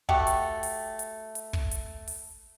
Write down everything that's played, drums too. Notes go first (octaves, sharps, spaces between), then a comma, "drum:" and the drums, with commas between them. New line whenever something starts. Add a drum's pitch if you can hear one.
A3 F#4 G4, drum: kick
drum: hi-hat
drum: open hi-hat
drum: hi-hat
drum: hi-hat
drum: kick
drum: hi-hat
drum: open hi-hat